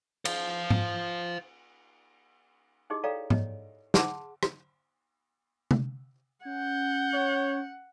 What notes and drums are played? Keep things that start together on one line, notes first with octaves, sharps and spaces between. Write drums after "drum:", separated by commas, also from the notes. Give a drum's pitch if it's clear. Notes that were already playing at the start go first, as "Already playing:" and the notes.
C5 F5, drum: cymbal
drum: tom G#2
D#4 E4 G4 G#4 D#5
A4 C#5 D5 F5 G5 A#5
C#5 D#5, drum: tom G#2
G#4 F#5 A5 C6, drum: snare
drum: rim click
drum: tom C3
C#4 F#5 G6
C#5